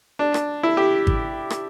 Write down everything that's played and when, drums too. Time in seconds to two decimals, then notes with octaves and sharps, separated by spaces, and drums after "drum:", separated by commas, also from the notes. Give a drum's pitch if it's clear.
0.19 D4
0.34 drum: rim click
0.63 E4
0.77 G4
1.07 drum: kick G#1
1.50 drum: rim click